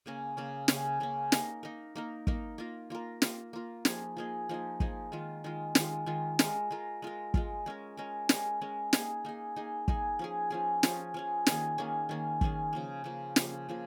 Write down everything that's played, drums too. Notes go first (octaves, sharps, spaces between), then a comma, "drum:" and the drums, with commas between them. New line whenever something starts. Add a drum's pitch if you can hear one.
C#3 A#3 C#4
C#3 A#3 C#4
C#3 A#3 C#4, drum: snare
C#3 A#3 C#4
A#3 D#4 A#4, drum: snare
A#3 D#4 A#4
A#3 D#4 A#4
A#3 D#4 A#4, drum: kick
A#3 F4 A#4
A#3 F4 A#4
A#3 F4 A#4, drum: snare
A#3 F4 A#4
F3 A#3 D#4 G#4, drum: snare
F3 A#3 D#4 G#4
F3 A#3 D#4 G#4
F3 A#3 D#4 G#4, drum: kick
D#3 G#3 F4
D#3 G#3 F4
D#3 G#3 F4, drum: snare
D#3 G#3 F4
G#3 F4 A#4, drum: snare
G#3 F4 A#4
G#3 F4 A#4
G#3 F4 A#4, drum: kick
G#3 C#4 A#4
G#3 C#4 A#4
G#3 C#4 A#4, drum: snare
G#3 C#4 A#4
A#3 D#4 G#4, drum: snare
A#3 D#4 G#4
A#3 D#4 G#4
A#3 D#4 G#4, drum: kick
F3 C#4 G#4
F3 C#4 G#4
F3 C#4 G#4, drum: snare
F3 C#4 G#4
D#3 A#3 C#4 G#4, drum: snare
D#3 A#3 C#4 G#4
D#3 A#3 C#4 G#4
D#3 A#3 C#4 G#4, drum: kick
C#3 F3 A#3
C#3 F3 A#3
C#3 F3 A#3, drum: snare
C#3 F3 A#3